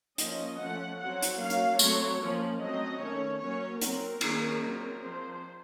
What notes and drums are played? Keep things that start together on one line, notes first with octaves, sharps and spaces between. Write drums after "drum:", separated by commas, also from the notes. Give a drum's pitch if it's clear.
F3 A#3 C#4 D#5, drum: hi-hat
F3 A3 C#4 F#5
F#3 C4 F#5
drum: hi-hat
F#3 A#3 C#4 F5
drum: hi-hat
F#3 A3 C4 C#5, drum: tambourine
F3 A#3 C#4
F#3 A3 C4 D#5
D#3 A3 C#4 C#5
F#3 A#3 C#4 C#5
F#3 C4 A#4, drum: hi-hat
D#3 A#3 C#4, drum: cymbal
F#3 C4
F3 C4 C5